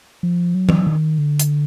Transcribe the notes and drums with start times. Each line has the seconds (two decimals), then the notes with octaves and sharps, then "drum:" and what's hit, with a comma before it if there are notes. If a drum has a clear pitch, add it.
0.23 F3
0.55 F#3
0.69 drum: tom E3
0.87 D#3
1.18 D3
1.39 drum: hi-hat